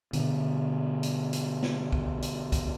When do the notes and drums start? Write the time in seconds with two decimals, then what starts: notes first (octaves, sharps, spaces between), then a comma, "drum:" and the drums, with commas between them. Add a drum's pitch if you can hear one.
0.13 B2 D3, drum: hi-hat
1.03 drum: hi-hat
1.33 drum: hi-hat
1.63 drum: snare
1.92 drum: kick B1
2.22 drum: hi-hat
2.52 drum: kick B1, hi-hat